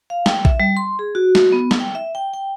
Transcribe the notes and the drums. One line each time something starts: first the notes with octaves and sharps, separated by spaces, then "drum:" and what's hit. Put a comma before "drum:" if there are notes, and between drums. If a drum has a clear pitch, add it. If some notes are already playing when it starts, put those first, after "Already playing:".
F5
G5, drum: snare
E5, drum: kick A#1
G3
C6
G#4
F#4
drum: snare
B3
drum: snare
G5
E5
G5
G5